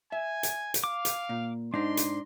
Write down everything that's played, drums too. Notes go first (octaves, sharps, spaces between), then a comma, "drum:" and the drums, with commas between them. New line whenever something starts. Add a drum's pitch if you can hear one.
E5 G#5
drum: hi-hat
drum: hi-hat
F5 D6
drum: hi-hat
A#2
G#2 D4 D#4 C6
drum: hi-hat